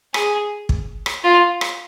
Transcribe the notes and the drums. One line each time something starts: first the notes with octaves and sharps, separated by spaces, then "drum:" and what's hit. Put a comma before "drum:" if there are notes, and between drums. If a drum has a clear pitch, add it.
G#4, drum: rim click
drum: kick
drum: rim click
F4
drum: rim click